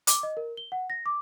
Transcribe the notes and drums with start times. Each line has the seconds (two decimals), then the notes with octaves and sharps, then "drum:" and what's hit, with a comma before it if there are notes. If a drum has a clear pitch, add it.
0.07 D6, drum: hi-hat
0.23 D#5
0.37 A#4
0.57 G7
0.72 F#5
0.90 A#6
1.06 D6